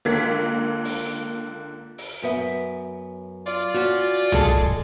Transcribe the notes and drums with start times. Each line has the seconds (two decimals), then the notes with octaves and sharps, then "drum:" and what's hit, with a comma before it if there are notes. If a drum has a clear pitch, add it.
0.05 C#2 D3 A#3 G#6 B6
0.85 drum: open hi-hat
1.98 drum: open hi-hat
2.22 F#2 B3 E5
3.46 F4 D5
3.74 C#4 F#4, drum: hi-hat
4.32 G#3 G#4 A4, drum: tom
4.57 drum: kick